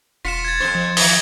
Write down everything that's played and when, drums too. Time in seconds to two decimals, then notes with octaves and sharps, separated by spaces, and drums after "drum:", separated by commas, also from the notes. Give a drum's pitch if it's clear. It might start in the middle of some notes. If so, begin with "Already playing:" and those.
0.25 E1 F4 B6 C#7 E7
0.45 G#6 A6
0.60 F2 G#2 C5
0.75 F3
0.97 D#3 E3 D#6 G#6 A#6, drum: open hi-hat